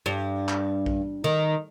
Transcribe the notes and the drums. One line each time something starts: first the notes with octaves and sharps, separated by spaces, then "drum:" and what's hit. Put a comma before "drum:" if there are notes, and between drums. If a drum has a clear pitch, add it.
G2
drum: clap
drum: kick A#1
D#3